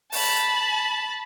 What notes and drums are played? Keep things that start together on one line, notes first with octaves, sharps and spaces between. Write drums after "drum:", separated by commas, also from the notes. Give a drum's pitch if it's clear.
A5 B5, drum: open hi-hat